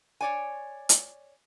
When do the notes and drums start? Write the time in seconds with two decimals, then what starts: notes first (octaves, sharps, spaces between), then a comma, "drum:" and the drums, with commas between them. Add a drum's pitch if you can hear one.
0.21 C#5 D5 G#5
0.89 drum: hi-hat